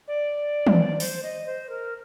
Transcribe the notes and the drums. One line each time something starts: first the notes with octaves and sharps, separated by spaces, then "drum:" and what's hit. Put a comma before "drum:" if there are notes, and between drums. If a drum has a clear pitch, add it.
D5
drum: tom
C5, drum: open hi-hat
D#5
C5
A#4